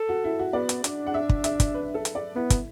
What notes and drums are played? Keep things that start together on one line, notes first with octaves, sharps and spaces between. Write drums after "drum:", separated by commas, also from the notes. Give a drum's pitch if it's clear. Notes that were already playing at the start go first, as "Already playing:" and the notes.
Already playing: A4
F#4
E4
F#4
B3 D5
drum: hi-hat
D4, drum: hi-hat
F#5
E5
drum: kick
E5, drum: hi-hat
drum: kick, hi-hat
B4
A4
drum: hi-hat
D5
B3 E4
drum: kick, hi-hat